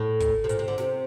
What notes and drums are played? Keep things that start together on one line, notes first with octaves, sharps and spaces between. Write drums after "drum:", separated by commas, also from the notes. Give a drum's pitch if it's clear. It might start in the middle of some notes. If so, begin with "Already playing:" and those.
Already playing: A2
drum: kick, hi-hat
C3
A#2, drum: hi-hat
C3
D3
C3, drum: snare